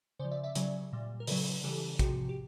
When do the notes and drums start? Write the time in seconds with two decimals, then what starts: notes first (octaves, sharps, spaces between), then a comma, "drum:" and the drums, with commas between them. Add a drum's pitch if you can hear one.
0.19 C#3 C5 D5
0.25 F3
0.31 D5 E5
0.43 D5 E5
0.55 C#3 F#3, drum: hi-hat
0.93 A#2 G3
1.20 A#4
1.27 C#3 F#3 A4 B4, drum: open hi-hat
1.64 C#3 E3 G3 G4 A4
1.99 C3 F3 F#4 G#4, drum: kick, hi-hat
2.29 G4